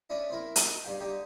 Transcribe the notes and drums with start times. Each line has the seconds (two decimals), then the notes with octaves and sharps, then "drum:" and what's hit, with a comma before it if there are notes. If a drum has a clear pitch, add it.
0.10 C#4 D4 E4 D#5
0.30 C4 E4 A#4
0.56 drum: hi-hat
0.67 D#4 D#5
0.84 G2 F5 G5
1.00 D3 D#4 G4 G5